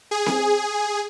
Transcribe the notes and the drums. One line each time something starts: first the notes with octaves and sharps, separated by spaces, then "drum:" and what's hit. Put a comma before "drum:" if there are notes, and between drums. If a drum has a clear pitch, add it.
G#4
drum: snare C4